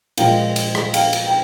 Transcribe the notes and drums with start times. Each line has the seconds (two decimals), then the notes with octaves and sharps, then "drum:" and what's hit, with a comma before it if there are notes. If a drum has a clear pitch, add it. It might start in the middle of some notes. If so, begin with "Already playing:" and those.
0.17 A#2 F3 G#3 F5 G5, drum: cymbal
0.56 drum: cymbal
0.75 drum: rim click
0.94 F5 G5, drum: cymbal
1.13 drum: cymbal
1.27 G5